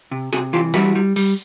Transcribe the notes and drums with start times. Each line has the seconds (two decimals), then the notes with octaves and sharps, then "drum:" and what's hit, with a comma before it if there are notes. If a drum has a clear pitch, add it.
0.11 C3
0.33 C3 F#4 G#4, drum: hi-hat
0.53 E3 F4 G4
0.74 G3 E4 F#4, drum: snare
0.95 G3
1.16 G3, drum: open hi-hat